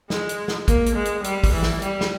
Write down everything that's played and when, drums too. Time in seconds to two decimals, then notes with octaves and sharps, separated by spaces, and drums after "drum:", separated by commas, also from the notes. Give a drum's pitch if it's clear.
0.10 G#3, drum: snare
0.29 drum: hi-hat
0.48 drum: snare
0.68 A#3, drum: kick, hi-hat
0.86 drum: hi-hat
0.96 G#3
1.05 drum: hi-hat
1.24 G3, drum: hi-hat
1.44 drum: kick, open hi-hat
1.53 E3
1.63 drum: snare
1.82 G3, drum: hi-hat
2.01 drum: snare